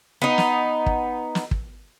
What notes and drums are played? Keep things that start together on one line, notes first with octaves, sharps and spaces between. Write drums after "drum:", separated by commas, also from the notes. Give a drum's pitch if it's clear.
B3 D#4
drum: snare
drum: kick
drum: snare
drum: kick